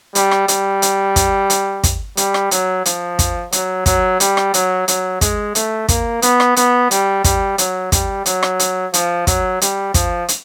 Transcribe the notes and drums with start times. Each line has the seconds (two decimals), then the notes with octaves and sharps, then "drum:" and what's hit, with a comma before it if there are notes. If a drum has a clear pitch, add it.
0.15 G3, drum: hi-hat
0.31 drum: rim click
0.48 G3, drum: hi-hat
0.82 drum: hi-hat
1.16 drum: kick, hi-hat
1.50 drum: hi-hat
1.83 drum: kick, hi-hat
2.17 G3, drum: hi-hat
2.34 drum: rim click
2.51 F#3, drum: hi-hat
2.85 F3, drum: hi-hat
3.19 drum: kick, hi-hat
3.52 F#3, drum: hi-hat
3.86 F#3, drum: kick, hi-hat
4.20 G3, drum: hi-hat
4.37 drum: rim click
4.54 F#3, drum: hi-hat
4.88 F#3, drum: hi-hat
5.21 G#3, drum: kick, hi-hat
5.55 A3, drum: hi-hat
5.88 A#3, drum: kick, hi-hat
6.22 B3, drum: hi-hat
6.40 drum: rim click
6.56 B3, drum: hi-hat
6.91 G3, drum: hi-hat
7.24 G3, drum: kick, hi-hat
7.58 F#3, drum: hi-hat
7.92 G3, drum: kick, hi-hat
8.26 F#3, drum: hi-hat
8.43 drum: rim click
8.59 drum: hi-hat
8.94 F3, drum: hi-hat
9.27 F#3, drum: kick, hi-hat
9.61 G3, drum: hi-hat
9.94 F3, drum: kick, hi-hat
10.28 drum: hi-hat